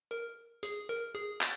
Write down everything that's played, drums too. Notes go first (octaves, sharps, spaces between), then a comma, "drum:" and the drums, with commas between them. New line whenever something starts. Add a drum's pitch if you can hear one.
A#4
G#4, drum: hi-hat
A#4
G#4
drum: clap